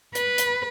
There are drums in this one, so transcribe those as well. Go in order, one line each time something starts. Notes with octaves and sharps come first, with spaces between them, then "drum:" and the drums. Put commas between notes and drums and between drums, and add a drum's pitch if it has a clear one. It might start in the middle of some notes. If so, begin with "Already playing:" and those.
B4, drum: hi-hat
drum: hi-hat